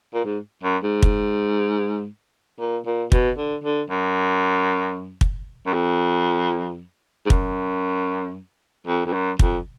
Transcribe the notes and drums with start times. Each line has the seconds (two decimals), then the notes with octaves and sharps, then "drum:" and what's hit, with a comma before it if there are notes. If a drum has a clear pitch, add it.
0.14 A#2
0.24 G#2
0.63 F#2
0.83 G#2
1.03 drum: kick
2.59 A#2
2.86 A#2
3.12 B2, drum: kick
3.38 D3
3.64 D3
3.90 F#2
5.21 drum: kick
5.66 F#2
5.73 F2
7.26 G#2
7.30 F#2, drum: kick
8.87 F2
9.06 F2
9.13 F#2
9.39 F2, drum: kick